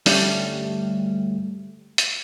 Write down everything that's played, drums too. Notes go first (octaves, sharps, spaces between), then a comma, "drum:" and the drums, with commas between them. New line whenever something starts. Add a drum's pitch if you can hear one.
D2 G2 G3 A3 C#4 D4, drum: open hi-hat
drum: hi-hat